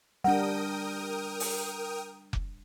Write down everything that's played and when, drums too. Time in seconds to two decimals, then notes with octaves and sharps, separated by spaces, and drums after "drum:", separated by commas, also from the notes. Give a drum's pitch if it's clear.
0.24 G3 D4 A#4 F#5 G5 D#6
1.40 drum: open hi-hat
2.33 drum: kick F1